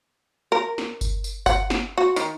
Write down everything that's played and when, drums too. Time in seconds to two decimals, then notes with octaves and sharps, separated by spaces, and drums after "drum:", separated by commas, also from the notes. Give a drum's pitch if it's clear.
0.52 A#4
0.78 drum: snare
1.01 drum: kick G1, tambourine
1.24 drum: tambourine
1.46 F#5, drum: kick G1, tambourine
1.70 drum: snare
1.98 F#4
2.16 D#3, drum: tambourine